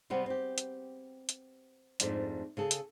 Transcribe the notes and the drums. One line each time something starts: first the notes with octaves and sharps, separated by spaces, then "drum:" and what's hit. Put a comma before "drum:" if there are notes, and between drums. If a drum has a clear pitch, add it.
C3 G3 B3 C4
C4 G4
drum: hi-hat
drum: hi-hat
F2 G#2 A3 D4, drum: hi-hat
C#3 G#4 A4
drum: hi-hat